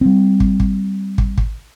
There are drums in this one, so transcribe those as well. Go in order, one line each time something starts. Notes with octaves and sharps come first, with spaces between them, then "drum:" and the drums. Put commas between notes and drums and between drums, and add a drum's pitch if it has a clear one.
G3 C4
drum: kick
drum: kick
drum: kick
drum: kick